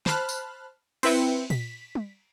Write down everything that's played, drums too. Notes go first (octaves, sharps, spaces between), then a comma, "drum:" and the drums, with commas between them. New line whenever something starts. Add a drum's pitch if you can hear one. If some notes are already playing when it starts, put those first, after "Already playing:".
C5 A5 B5 F6 F#6, drum: snare
drum: tambourine
C4 E4 B4 E5 G5 C#7, drum: cymbal
B6, drum: tom A#2
drum: tom